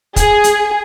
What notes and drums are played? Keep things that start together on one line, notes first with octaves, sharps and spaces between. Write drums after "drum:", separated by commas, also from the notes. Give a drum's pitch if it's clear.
G#4, drum: kick, hi-hat
drum: hi-hat